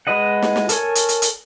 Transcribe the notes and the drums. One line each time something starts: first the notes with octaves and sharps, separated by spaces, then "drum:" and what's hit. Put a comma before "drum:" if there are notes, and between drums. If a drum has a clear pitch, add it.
G#3 F#4 B4 D#5 F#5
drum: snare
drum: snare
A4 A#4 C#5 G#5, drum: hi-hat
drum: hi-hat
drum: hi-hat
drum: hi-hat